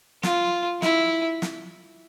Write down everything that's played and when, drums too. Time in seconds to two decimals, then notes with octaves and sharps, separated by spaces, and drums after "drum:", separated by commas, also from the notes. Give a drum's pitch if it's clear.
0.23 F4, drum: snare
0.82 E4, drum: snare
1.42 drum: snare